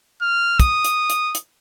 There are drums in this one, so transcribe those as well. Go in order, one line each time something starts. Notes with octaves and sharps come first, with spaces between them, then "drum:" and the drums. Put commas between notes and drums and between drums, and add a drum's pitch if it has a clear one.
F6
D#6, drum: kick, hi-hat
drum: hi-hat
drum: hi-hat
drum: hi-hat